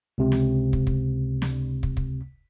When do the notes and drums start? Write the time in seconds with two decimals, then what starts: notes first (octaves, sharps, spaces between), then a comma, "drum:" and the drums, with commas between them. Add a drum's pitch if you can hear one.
0.18 C#2 C3
0.32 drum: snare
0.73 drum: kick
0.87 drum: kick
1.42 drum: snare
1.83 drum: kick
1.97 drum: kick